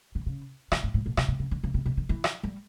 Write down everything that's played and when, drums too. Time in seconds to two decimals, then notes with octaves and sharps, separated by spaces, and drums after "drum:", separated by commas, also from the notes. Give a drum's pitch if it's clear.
0.15 D3
0.26 C#3
0.72 D3, drum: rim click
0.83 G#2
0.94 A2
1.06 A#2
1.17 B2, drum: rim click
1.28 C3
1.40 C#3
1.51 D3
1.64 C#3
1.74 C3
1.86 B2
1.97 D3
2.09 E3
2.24 drum: rim click
2.43 G3